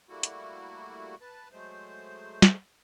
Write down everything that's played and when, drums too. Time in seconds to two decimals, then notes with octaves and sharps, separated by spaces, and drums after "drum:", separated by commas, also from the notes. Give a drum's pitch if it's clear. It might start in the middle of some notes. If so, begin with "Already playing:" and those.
0.09 G3 A3 A#3 E4 F#4
0.23 drum: hi-hat
1.21 B4 A5
1.52 F#3 G#3 A3 C5
2.42 drum: snare